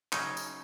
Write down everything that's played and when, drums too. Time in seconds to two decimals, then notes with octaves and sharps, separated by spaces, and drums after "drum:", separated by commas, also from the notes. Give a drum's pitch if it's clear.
0.12 C#3 F#3 C#4 D#4, drum: clap
0.37 drum: tambourine